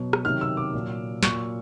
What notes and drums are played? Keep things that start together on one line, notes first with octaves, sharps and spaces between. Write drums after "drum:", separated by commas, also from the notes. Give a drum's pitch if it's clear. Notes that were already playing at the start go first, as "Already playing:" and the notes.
Already playing: B2 F#3
drum: rim click
C3 D#3 F#3 F6
E6
D6
A#2 F#3
A#2 F#3 C#6, drum: snare